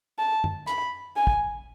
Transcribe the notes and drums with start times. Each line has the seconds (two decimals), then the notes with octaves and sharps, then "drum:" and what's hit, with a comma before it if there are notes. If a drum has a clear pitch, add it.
0.19 A5
0.44 drum: tom
0.67 B5, drum: hi-hat
1.16 G#5
1.27 drum: kick